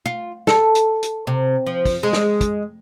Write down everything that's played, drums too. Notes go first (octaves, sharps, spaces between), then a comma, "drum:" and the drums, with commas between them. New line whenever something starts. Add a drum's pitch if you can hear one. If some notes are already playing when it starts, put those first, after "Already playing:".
F4
A4, drum: snare
drum: hi-hat
drum: hi-hat
C3
F3
drum: kick, open hi-hat
G#3
drum: snare
drum: kick, hi-hat